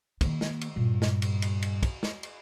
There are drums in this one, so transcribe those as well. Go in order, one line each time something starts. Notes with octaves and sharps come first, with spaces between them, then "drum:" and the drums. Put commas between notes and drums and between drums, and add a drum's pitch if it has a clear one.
D#3 A#3, drum: kick, cymbal
drum: snare
drum: cymbal
G2 A#2
drum: snare
drum: cymbal
drum: cymbal
drum: cymbal
drum: kick, cymbal
drum: snare
drum: cymbal